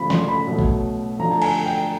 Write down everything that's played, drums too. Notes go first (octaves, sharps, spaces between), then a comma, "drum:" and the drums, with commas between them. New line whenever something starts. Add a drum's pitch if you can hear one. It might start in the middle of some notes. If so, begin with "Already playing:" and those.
Already playing: C#3 F3 A3 B5
C6, drum: snare
B5
B2 F#3 A3
drum: kick
D3 F3 A3 A#5
A5
G#5, drum: cymbal
G5